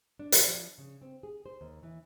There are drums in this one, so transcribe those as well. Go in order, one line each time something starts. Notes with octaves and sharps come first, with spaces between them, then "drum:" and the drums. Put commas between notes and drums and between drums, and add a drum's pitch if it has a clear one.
D4
C5, drum: hi-hat
F3
C#3
C4
G#4
C5
D#2
E3